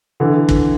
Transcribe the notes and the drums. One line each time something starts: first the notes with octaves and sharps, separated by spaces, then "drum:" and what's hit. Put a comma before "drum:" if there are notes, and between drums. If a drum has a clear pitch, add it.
D3 E3
drum: kick